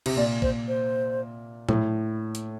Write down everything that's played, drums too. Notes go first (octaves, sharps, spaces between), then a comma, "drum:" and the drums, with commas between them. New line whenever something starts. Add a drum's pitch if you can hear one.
C3, drum: cymbal
A#2 D5
C5, drum: kick
C5
A2, drum: tom
drum: hi-hat